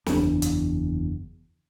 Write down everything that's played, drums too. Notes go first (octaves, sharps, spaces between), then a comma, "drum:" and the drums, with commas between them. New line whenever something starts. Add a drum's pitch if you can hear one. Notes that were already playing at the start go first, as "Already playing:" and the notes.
F#1 E2 D4, drum: snare
drum: hi-hat